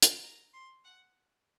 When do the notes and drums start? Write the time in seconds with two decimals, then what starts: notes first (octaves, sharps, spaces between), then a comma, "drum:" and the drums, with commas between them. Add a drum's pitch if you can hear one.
0.02 drum: hi-hat
0.24 A#5
0.54 C6
0.84 F#5